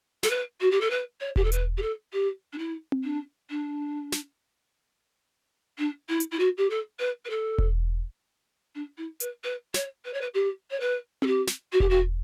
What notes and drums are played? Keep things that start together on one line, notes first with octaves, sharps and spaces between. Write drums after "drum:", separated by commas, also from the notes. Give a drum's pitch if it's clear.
A4, drum: snare
B4
F#4
G4
A4
B4
C#5
G4, drum: kick E1
A4
B4, drum: hi-hat
G4
A4
G4
D4
E4
drum: tom C4
D4
D4
drum: snare
D4
E4
drum: hi-hat
E4
F#4
G4
A4
B4
B4
A4
drum: kick E1
D4
E4
B4, drum: hi-hat
B4
C#5, drum: snare
B4
C#5
B4
G4
C#5
B4
A4, drum: tom C4
G4
drum: snare
F#4
G4, drum: kick E1
F#4